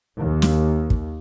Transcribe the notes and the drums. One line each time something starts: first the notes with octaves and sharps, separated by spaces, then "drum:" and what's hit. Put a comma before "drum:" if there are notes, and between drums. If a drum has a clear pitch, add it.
D#2
drum: snare
drum: kick